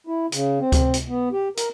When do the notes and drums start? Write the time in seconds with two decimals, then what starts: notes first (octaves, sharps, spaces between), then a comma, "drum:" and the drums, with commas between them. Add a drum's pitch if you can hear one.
0.07 E4
0.32 C#3, drum: hi-hat
0.60 C4
0.72 drum: kick C#2, hi-hat
0.94 drum: hi-hat
1.08 B3
1.32 G4
1.57 A#4, drum: hi-hat